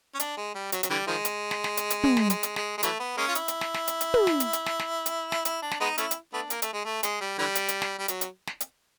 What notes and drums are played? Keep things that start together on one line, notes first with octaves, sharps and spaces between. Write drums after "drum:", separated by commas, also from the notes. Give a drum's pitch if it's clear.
C#4
D4, drum: hi-hat
G#3
G3
F#3, drum: hi-hat
F#3, drum: hi-hat
D3 E3 G3
D#3 F3 G#3
drum: hi-hat
drum: snare
drum: snare
drum: hi-hat
drum: hi-hat
drum: tom
drum: snare
G#3, drum: hi-hat
drum: hi-hat
G#3, drum: snare
G#3
E3 F#3 A3, drum: hi-hat
B3
G#3 A#3 C#4
F4
E4, drum: hi-hat
drum: hi-hat
drum: snare
drum: snare
drum: hi-hat
drum: hi-hat
drum: tom
drum: snare
drum: hi-hat
drum: hi-hat
drum: snare
drum: snare
drum: hi-hat
drum: snare
E4, drum: hi-hat
D4
drum: snare
G#3 B3 D#4
A3 C#4 E4, drum: hi-hat
drum: hi-hat
A3 B3 D4
A#3, drum: hi-hat
A3, drum: hi-hat
G#3
A3
G#3, drum: hi-hat
G3
D3 E3 G3
drum: hi-hat
drum: hi-hat
drum: snare
G3
F#3, drum: hi-hat
drum: hi-hat
drum: snare
drum: hi-hat